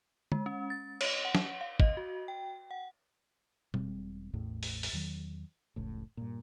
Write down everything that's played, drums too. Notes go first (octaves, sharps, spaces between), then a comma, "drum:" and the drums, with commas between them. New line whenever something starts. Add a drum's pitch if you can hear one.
G#3, drum: tom
C#4
A6
C#5, drum: cymbal
F#5
drum: snare
F5
D#5, drum: kick
F#4
G5
F#5
E1 G3 C4, drum: tom B2
A1 E2 A2
drum: open hi-hat
drum: open hi-hat
E2 D#3 F#3
F1 C#2 A2
G2 A#2